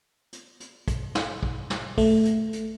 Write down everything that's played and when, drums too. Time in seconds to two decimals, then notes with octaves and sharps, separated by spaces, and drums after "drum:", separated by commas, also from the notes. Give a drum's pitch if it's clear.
0.33 drum: hi-hat
0.60 drum: hi-hat
0.88 drum: kick, hi-hat
1.15 drum: snare
1.43 drum: kick
1.70 drum: snare
1.98 A3, drum: kick, open hi-hat
2.25 drum: hi-hat
2.53 drum: hi-hat